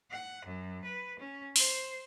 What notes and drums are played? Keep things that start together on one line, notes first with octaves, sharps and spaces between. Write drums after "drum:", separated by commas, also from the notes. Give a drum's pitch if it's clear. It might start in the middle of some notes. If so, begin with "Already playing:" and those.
F#5
F#2
B4
C#4
C5, drum: open hi-hat